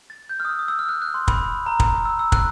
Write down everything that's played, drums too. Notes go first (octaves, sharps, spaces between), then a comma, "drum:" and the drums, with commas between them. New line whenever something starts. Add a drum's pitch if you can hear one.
A6
G6
F6
D#6
E6
D#6
E6
F6
F#6
F#6
C6
B5, drum: kick
A#5
drum: kick
E6
E6
F#6, drum: kick